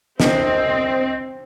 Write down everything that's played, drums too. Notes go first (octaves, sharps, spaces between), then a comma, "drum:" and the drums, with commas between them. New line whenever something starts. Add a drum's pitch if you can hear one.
C2 C4 D#5, drum: snare